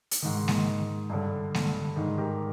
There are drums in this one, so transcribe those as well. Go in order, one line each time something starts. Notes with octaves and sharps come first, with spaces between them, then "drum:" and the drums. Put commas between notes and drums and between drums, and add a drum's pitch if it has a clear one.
drum: hi-hat
G#2 D#3
drum: snare G#3
G2 D3
drum: snare G#3
G#2 D#3
G4 A#4